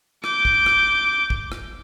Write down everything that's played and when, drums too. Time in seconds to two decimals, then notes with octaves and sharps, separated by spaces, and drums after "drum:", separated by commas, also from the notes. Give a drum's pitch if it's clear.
0.24 D6 G6, drum: rim click
0.45 drum: kick
0.66 drum: rim click
1.30 drum: kick
1.52 drum: rim click